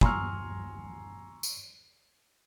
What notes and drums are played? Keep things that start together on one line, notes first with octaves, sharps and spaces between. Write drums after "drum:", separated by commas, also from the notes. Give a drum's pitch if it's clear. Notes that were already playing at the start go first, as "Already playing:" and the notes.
G#5 A#5 C6 C#6 E6 F6, drum: kick
drum: tambourine